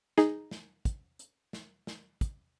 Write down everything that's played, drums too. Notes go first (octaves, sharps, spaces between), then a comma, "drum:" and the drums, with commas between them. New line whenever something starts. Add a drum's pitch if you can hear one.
D#4 G#4, drum: snare
drum: snare
drum: kick, hi-hat
drum: hi-hat
drum: snare
drum: snare
drum: kick, hi-hat